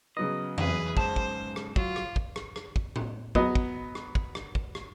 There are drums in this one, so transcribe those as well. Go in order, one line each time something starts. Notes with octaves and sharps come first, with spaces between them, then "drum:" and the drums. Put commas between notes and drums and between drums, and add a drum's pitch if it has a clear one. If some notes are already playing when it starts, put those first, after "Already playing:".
C#3 F#3 B3 D#5
E3 G#4 B4, drum: tom E2
G#2 C5 A5, drum: kick
drum: kick
drum: rim click
F#3 F4, drum: kick
drum: rim click
drum: kick
drum: rim click
drum: rim click
drum: kick
drum: tom A2
F#3 B3 D#5, drum: kick
drum: kick
drum: rim click
drum: kick
drum: rim click
drum: kick
drum: rim click